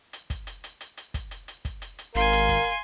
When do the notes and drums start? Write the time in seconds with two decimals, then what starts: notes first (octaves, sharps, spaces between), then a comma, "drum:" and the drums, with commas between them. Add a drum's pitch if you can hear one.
0.13 drum: hi-hat
0.30 drum: kick, hi-hat
0.47 drum: hi-hat
0.64 drum: hi-hat
0.81 drum: hi-hat
0.97 drum: hi-hat
1.14 drum: kick, hi-hat
1.31 drum: hi-hat
1.48 drum: hi-hat
1.65 drum: kick, hi-hat
1.82 drum: hi-hat
1.99 drum: hi-hat
2.15 G#1 A#4 F5 G#5 C6
2.32 drum: hi-hat
2.49 drum: kick, hi-hat